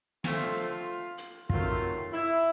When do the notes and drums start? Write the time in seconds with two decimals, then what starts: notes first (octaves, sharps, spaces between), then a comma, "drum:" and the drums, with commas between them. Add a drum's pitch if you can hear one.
0.24 D3 F3 A3 C4 F4, drum: snare
1.18 drum: hi-hat
1.50 C3 D#3 F#3 A3 C4 F4, drum: kick
2.12 E4